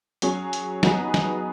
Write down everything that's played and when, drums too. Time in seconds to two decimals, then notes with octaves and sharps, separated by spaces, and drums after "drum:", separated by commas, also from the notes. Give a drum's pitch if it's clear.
0.22 F#3 C#4 G#4 C#5, drum: hi-hat
0.53 drum: hi-hat
0.83 F#3 B3 D#4 G#4 B4, drum: snare
1.14 drum: snare